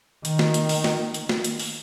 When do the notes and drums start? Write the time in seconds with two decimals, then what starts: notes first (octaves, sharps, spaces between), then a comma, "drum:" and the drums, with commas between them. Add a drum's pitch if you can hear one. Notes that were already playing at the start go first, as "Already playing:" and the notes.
0.25 D#3, drum: hi-hat
0.39 drum: snare
0.54 drum: hi-hat
0.69 drum: open hi-hat
0.84 drum: snare
1.14 drum: hi-hat
1.29 drum: snare
1.44 drum: hi-hat
1.59 drum: open hi-hat